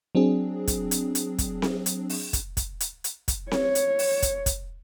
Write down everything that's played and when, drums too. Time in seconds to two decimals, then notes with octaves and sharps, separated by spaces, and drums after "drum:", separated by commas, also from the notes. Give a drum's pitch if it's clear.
0.15 F#3 C4 D4 G#4
0.68 drum: kick, hi-hat
0.91 drum: hi-hat
1.15 drum: hi-hat
1.39 drum: kick, hi-hat
1.62 drum: snare C4
1.86 drum: hi-hat
2.09 drum: open hi-hat
2.33 drum: kick, hi-hat
2.57 drum: kick, hi-hat
2.80 drum: hi-hat
3.04 drum: hi-hat
3.28 drum: kick, hi-hat
3.51 C#5, drum: snare C4
3.75 drum: hi-hat
3.99 drum: open hi-hat
4.22 drum: kick, hi-hat
4.46 drum: kick, hi-hat